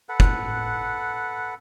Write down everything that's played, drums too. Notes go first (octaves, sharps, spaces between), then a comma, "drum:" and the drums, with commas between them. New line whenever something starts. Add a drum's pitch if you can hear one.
A4 B4 F#5
drum: kick